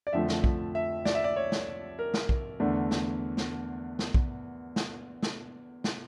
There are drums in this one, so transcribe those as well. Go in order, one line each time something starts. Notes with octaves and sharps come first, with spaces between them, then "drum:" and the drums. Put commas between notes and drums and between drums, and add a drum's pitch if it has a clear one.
D5
F2 D3 F3 A3 E5
drum: snare
drum: kick B1
E5
D5, drum: snare
E5
D5
C#5
drum: snare
A#4
drum: snare
drum: kick B1
E2 D3 A3 D4
drum: snare
drum: snare
drum: snare
drum: kick B1
drum: snare
drum: snare
drum: snare